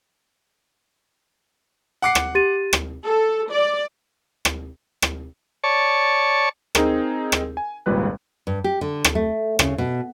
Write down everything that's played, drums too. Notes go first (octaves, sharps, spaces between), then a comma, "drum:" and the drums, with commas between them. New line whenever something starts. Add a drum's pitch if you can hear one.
F#5 D6 C7
drum: rim click
G4 A6 D#7
drum: rim click
A4
D5
drum: rim click
drum: rim click
C#5 D5 A5 C#6
C4 D#4 G#4 A#4, drum: rim click
drum: rim click
G#5
G#1 C#2 A#2 G3 B4 F#6
G2
G4
D3
drum: rim click
A3
C#3, drum: rim click
B2